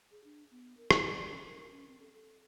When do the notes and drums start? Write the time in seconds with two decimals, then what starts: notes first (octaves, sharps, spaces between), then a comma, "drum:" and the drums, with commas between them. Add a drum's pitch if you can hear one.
0.11 G#4
0.24 D4
0.51 B3
0.77 A#4
0.91 C#5, drum: rim click
1.07 D5
1.28 C#4
1.45 A#4
1.71 C#4
1.88 C4
2.00 A4
2.14 A4